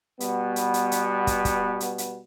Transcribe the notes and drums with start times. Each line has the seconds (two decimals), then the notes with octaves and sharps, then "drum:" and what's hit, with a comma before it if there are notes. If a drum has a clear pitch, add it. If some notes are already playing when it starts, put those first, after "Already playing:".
0.20 B2 G3 B3, drum: hi-hat
0.56 drum: hi-hat
0.74 drum: hi-hat
0.92 drum: hi-hat
1.27 drum: kick, hi-hat
1.45 drum: kick, hi-hat
1.80 drum: hi-hat
1.98 drum: hi-hat